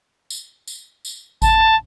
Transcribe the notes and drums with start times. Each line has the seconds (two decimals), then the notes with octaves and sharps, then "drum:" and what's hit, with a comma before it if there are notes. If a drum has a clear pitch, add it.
0.30 drum: tambourine
0.68 drum: tambourine
1.05 drum: tambourine
1.42 A5, drum: kick G#1, tambourine